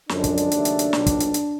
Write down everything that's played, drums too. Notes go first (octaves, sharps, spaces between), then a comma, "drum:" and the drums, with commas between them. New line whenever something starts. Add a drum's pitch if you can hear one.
F#2 D3 F3 G#3 D4, drum: snare
drum: kick, hi-hat
drum: hi-hat
D#2 C#3 F#3 A3, drum: hi-hat
drum: hi-hat
drum: hi-hat
B1 A#2 G3, drum: snare
drum: kick, hi-hat
drum: hi-hat
drum: hi-hat